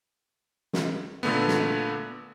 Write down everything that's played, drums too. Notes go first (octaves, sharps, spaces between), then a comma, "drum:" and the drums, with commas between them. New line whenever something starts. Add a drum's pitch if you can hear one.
drum: snare
A#2 D3 A3 B3
drum: snare